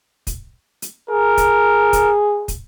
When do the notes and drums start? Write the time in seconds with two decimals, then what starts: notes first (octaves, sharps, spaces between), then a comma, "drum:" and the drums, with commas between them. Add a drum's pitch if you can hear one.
0.27 drum: kick, hi-hat
0.82 drum: hi-hat
1.10 G#4 A#4
1.37 drum: kick, hi-hat
1.93 drum: kick, hi-hat
2.48 drum: kick, hi-hat